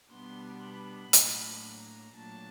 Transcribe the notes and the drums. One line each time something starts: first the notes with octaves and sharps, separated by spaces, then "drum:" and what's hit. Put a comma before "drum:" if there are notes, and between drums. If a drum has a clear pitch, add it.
B2 G3 B3 D4 C6
B5
A2 F#3 A#3 D4, drum: hi-hat
A#5
A#2 F#3 A3 D4 A5